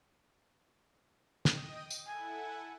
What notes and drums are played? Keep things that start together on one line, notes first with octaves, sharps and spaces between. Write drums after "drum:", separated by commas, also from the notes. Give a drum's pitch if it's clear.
D#5 G5 D#6, drum: snare
drum: tambourine
E4 A4 F#5 G#5